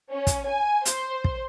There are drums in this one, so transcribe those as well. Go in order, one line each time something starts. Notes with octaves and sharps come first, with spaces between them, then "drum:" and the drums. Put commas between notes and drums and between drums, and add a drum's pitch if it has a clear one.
C#4
drum: kick, hi-hat
G#5
C5, drum: hi-hat
drum: kick